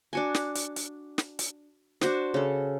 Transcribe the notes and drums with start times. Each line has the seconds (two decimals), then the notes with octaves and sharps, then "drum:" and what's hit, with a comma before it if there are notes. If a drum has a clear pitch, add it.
0.13 D4 F#4 G#5
0.34 drum: snare
0.55 drum: hi-hat
0.76 drum: hi-hat
1.18 drum: snare
1.39 drum: hi-hat
2.01 D4 F#4 C5, drum: snare
2.34 C#3 A4